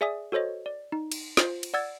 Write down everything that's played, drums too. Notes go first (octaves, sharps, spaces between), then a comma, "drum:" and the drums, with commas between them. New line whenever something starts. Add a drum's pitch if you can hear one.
G#4 D5 E5 G#5 D#6
F#4 A4 C5 C#5 D#5
D5
D#4
drum: cymbal
F4 C5, drum: snare
drum: cymbal
D5 F#5 E6 G#6 A6